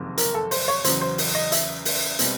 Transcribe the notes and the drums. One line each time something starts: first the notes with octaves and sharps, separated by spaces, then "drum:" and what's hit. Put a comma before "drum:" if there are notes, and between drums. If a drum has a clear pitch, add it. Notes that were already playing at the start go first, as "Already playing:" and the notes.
Already playing: F#1 F2 C3 D#3 G#3
A#4, drum: hi-hat
A4
C5, drum: open hi-hat
C#5
E2 C#3 F#3 C5, drum: hi-hat
C5
drum: open hi-hat
D#5
E5, drum: hi-hat
drum: open hi-hat
B2 G3 C4, drum: hi-hat